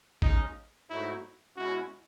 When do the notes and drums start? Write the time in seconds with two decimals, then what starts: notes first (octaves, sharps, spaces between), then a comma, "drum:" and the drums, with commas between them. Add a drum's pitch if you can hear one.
0.22 C#3 G#3 C#4 D#4, drum: kick A1
0.90 G#2 F#3 A3 D#4 E4 F#4
1.56 B2 G#3 C#4 E4 F#4